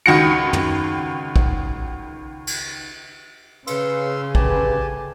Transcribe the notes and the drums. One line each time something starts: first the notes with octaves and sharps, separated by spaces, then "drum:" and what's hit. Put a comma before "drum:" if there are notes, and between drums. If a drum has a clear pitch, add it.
C#2 D#3 F#4 A#6 C#7
drum: tom
drum: kick
drum: cymbal
C#3 C#4 G#4 B4 F5 C6 E6, drum: cymbal
D3 G4 B4 G#5 A5, drum: kick